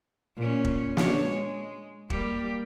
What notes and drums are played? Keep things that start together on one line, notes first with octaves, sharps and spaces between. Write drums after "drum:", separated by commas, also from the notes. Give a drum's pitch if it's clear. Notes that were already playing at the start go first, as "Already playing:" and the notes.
A#2 C#4
drum: kick E1
D4 C#5, drum: snare
G#3
G3 A#3 G4, drum: kick E1